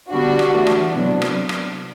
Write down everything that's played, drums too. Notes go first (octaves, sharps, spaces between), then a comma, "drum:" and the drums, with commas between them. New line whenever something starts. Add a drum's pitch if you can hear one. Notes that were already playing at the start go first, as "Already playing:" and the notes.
D3 G3 B3 D4 F#4
drum: rim click
E3 A3 D4
drum: rim click
C3 F#3 B3 D4
drum: rim click
drum: rim click